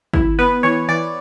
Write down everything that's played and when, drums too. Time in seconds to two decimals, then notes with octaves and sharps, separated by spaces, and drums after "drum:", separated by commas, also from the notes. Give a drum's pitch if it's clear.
0.13 E4, drum: kick
0.39 B3 B4
0.63 E3 C#5
0.88 E3 D5